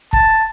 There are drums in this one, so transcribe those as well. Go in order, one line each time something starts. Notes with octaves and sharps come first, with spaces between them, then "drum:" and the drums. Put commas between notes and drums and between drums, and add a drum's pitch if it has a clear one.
A5, drum: kick